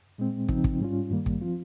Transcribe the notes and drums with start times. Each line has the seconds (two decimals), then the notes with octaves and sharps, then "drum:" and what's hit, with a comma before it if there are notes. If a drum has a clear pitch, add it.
0.18 A#2 G#3 C4
0.49 C#3 F3 C4 D#4, drum: kick
0.64 drum: kick
0.80 G#2 G3 C#4 F4
1.11 G2 D#3 G3 A#3
1.26 drum: kick
1.41 F3 C4 F4